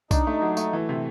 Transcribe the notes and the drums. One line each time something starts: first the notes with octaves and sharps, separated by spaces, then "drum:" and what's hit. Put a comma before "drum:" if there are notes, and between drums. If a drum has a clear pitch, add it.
D4 D#4, drum: kick, tambourine
A3
F#3
A3, drum: tambourine
E3
C3